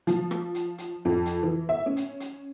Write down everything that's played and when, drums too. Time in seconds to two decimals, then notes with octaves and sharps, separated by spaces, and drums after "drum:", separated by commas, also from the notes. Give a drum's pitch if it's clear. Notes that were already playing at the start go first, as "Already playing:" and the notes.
0.07 F3, drum: hi-hat
0.31 drum: rim click
0.55 drum: hi-hat
0.78 drum: hi-hat
1.05 F2
1.26 drum: hi-hat
1.43 E3
1.69 E5
1.86 C#4
1.96 drum: hi-hat
2.20 drum: hi-hat